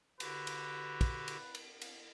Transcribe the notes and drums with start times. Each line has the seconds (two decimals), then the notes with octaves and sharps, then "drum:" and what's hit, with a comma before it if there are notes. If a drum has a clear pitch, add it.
0.20 D3 F#4 G4 B4, drum: cymbal
0.47 drum: cymbal
1.01 drum: kick, cymbal
1.28 drum: cymbal
1.55 drum: cymbal
1.81 drum: cymbal